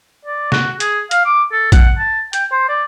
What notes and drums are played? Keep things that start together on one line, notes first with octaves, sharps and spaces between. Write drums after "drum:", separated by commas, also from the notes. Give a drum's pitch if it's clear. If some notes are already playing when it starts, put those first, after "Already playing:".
D5
F#4, drum: snare
G#4, drum: hi-hat
F5, drum: hi-hat
D6
A4
F#5, drum: kick, hi-hat
A5
G5, drum: hi-hat
C5
D5